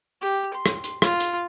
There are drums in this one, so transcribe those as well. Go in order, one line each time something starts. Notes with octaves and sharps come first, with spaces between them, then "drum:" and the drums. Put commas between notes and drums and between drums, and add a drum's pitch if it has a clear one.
G4
C6
drum: rim click
drum: hi-hat
F4, drum: rim click
drum: hi-hat